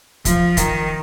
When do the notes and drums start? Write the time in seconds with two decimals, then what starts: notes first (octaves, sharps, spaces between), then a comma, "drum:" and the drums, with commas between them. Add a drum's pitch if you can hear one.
0.25 F3, drum: kick, hi-hat
0.57 D#3, drum: kick, hi-hat